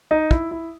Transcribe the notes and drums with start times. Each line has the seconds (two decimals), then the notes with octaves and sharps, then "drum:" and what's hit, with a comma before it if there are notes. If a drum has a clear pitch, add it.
0.11 D#4
0.31 E4, drum: kick
0.51 E4